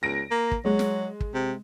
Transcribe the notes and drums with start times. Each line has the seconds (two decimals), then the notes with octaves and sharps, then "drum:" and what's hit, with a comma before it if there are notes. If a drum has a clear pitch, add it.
0.03 C#2 A#6 D7
0.31 A#3
0.51 drum: kick
0.65 F#3 G#3
0.79 drum: snare
1.20 drum: kick
1.34 C3